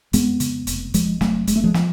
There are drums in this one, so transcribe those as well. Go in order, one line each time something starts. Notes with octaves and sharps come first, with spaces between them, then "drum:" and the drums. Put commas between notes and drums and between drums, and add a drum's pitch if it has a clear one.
F2 G#3 B3, drum: hi-hat
C#3, drum: hi-hat
F1, drum: hi-hat
F1 F3 G#3, drum: hi-hat
F1 F#3 A3, drum: snare
F1 G#3, drum: hi-hat
A3
F3 G#3
F3, drum: snare